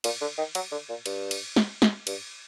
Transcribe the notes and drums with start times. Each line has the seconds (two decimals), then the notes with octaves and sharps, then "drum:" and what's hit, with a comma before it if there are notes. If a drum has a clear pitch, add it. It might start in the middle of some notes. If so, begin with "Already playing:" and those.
0.04 A#2, drum: cymbal
0.21 D3
0.38 D#3
0.55 F#3, drum: cymbal
0.71 D3
0.89 A#2
1.06 G2, drum: cymbal
1.31 drum: cymbal
1.56 drum: snare
1.82 drum: snare
2.07 G2, drum: cymbal